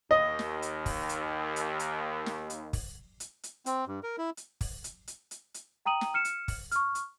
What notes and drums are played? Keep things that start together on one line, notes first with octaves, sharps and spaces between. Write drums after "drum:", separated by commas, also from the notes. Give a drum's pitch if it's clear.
D#2 D#5
drum: snare
drum: hi-hat
drum: kick, open hi-hat
drum: hi-hat
drum: hi-hat
drum: hi-hat
drum: snare
drum: hi-hat
drum: kick, open hi-hat
drum: hi-hat
drum: hi-hat
C4, drum: hi-hat
G2
A#4
E4
drum: hi-hat
drum: kick, open hi-hat
drum: hi-hat
drum: hi-hat
drum: hi-hat
drum: hi-hat
G5 A#5 D#6 D#7 F#7
drum: snare
F6 C#7 E7
drum: hi-hat
drum: kick, open hi-hat
C#6 F6, drum: hi-hat
drum: hi-hat